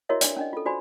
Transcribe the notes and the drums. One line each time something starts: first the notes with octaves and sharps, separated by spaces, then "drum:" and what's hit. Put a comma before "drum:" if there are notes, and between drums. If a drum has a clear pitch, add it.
E4 F#4 A#4 C#5 D#5 E5
D4 D5, drum: hi-hat
C#4 D4 D#5
F4 A4
F4 F#4 C5 D5 G#5 B5